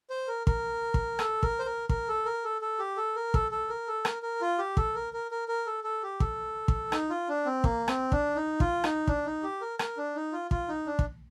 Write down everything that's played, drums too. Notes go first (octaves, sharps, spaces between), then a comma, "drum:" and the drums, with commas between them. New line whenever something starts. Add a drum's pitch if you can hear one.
C5
A#4
A#4, drum: kick
drum: kick
A4, drum: rim click
A#4, drum: kick
C5
A#4
A#4, drum: kick
A4
A#4
A4
A4
G4
A4
A#4
A4, drum: kick
A4
A#4
A4
A#4, drum: rim click
A#4
F4
G4
A4, drum: kick
A#4
A#4
A#4
A#4
A4
A4
G4
A4, drum: kick
drum: kick
D#4, drum: rim click
F4
D4
C4
A#3, drum: kick
C4, drum: rim click
D4, drum: kick
D#4
F4, drum: kick
D#4, drum: rim click
D4, drum: kick
D#4
G4
A#4
A#4, drum: rim click
D4
D#4
F4
F4, drum: kick
D#4
D4
drum: kick